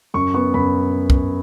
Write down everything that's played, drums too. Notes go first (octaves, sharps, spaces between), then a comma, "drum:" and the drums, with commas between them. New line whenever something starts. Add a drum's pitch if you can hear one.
F#2 C#6
B3 C#6
F#2 B5
drum: kick